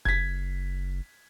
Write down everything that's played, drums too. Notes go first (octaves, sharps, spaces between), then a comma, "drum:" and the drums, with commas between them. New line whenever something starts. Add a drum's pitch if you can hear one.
F#1 G#6 B6, drum: kick F1